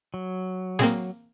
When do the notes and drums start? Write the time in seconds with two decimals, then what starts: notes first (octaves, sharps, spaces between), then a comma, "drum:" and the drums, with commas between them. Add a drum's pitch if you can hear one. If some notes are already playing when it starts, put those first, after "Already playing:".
0.14 F#3
0.79 A#3 C4 G#4, drum: snare